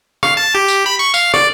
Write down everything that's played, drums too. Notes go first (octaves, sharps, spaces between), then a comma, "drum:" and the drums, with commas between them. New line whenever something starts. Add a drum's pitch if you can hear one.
F5, drum: rim click
A5
G4
drum: tambourine
B5
C#6
F5, drum: tambourine
D5, drum: rim click